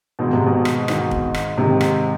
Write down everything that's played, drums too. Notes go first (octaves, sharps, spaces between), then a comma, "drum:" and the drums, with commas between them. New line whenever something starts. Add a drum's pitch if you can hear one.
G#2 B2 D#3 G#3 C4 D#4
C3
B2
drum: rim click
G#2 D#3 G#3 C4 D#4, drum: rim click
drum: kick
drum: rim click
G#2 C3 D#3 G#3 C4 D#4
drum: rim click